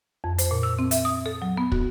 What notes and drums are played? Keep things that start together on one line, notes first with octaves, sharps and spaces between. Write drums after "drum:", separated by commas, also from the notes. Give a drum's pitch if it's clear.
F2
C5, drum: hi-hat
A#2
E6
C4
E5, drum: hi-hat
D#6
A4
F#3
B3
F#4, drum: kick